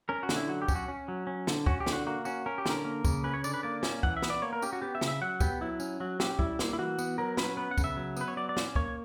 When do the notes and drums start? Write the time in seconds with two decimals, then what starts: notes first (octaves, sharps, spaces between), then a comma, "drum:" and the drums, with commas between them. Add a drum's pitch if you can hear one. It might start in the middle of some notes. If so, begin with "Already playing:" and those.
0.09 C#4 A#4
0.23 F#4
0.29 D3, drum: snare
0.36 E4
0.48 F#3 F#4
0.62 G4
0.68 C#4, drum: kick, tambourine
0.75 F#4
0.88 C#4
1.08 F#3
1.27 C#4
1.47 D3, drum: snare
1.66 C#4 F#4, drum: kick
1.80 G4
1.86 D3, drum: snare
1.93 F#4
2.07 A#3 F#4
2.25 C#4 F#4, drum: tambourine
2.46 C#4 A#4
2.58 G4
2.66 D3 A#4, drum: snare
2.85 A#3
3.05 C#3, drum: kick, tambourine
3.24 C#4 B4
3.34 C#5
3.44 D3 D5, drum: tambourine
3.54 B4
3.63 A#3 D5
3.83 C#4, drum: snare
4.03 E3 F#5, drum: kick
4.17 E5
4.22 B3, drum: snare
4.30 D5
4.42 A#3 C#5
4.53 A#4
4.62 C#4 G4, drum: tambourine
4.73 F#4
4.82 B3 G4
4.95 E5
5.01 C#3, drum: snare
5.08 E5
5.22 F#3 F#5
5.40 B3 G4, drum: kick, tambourine
5.61 F#3 E4
5.80 C#4, drum: tambourine
6.00 F#3 F#4
6.20 C#4 G4, drum: snare
6.39 G3 E4, drum: kick
6.59 A#3, drum: snare
6.73 E4
6.79 E3 F#4
6.99 B3, drum: tambourine
7.18 F#3 A#4
7.37 C#4 B4, drum: snare
7.57 B3 B4
7.71 F#5
7.78 C#3, drum: kick, tambourine
7.84 E5
7.97 F#3
8.17 B3 B4, drum: tambourine
8.28 C#5
8.37 F#3 D5
8.49 D5
8.57 C#4, drum: snare
8.75 A#3 C#5, drum: kick